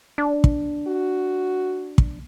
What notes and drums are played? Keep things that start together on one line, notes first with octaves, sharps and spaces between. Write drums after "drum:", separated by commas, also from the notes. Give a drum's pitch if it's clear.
D4
drum: kick
F#4
drum: kick